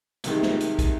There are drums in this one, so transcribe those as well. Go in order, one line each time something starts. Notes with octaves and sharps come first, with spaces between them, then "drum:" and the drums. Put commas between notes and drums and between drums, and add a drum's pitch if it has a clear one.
C2 C3 D#3 G#3, drum: hi-hat
drum: snare
drum: hi-hat
drum: kick, hi-hat